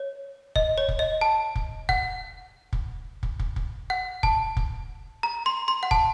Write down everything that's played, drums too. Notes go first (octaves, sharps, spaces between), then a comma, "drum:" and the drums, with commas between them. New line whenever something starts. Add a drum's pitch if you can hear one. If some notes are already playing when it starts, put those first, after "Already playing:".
Already playing: C#5
D#5, drum: kick
C#5
drum: kick
D#5
A5
drum: kick
F#5, drum: kick
drum: kick
drum: kick
drum: kick
drum: kick
F#5
A5, drum: kick
drum: kick
A#5
C6
C6
F#5
A5, drum: kick